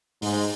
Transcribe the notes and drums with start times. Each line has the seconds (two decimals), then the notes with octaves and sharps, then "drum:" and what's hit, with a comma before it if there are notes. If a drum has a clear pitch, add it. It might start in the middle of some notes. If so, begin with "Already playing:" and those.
0.22 G#2, drum: open hi-hat